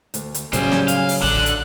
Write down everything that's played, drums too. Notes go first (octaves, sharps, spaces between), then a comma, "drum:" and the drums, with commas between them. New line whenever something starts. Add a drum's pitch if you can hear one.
D2, drum: hi-hat
drum: hi-hat
A2 C#3 F#3 G3 C#4 C5 G#5, drum: hi-hat
drum: snare
F5, drum: hi-hat
drum: open hi-hat
A1 D3 D4 F#6
drum: hi-hat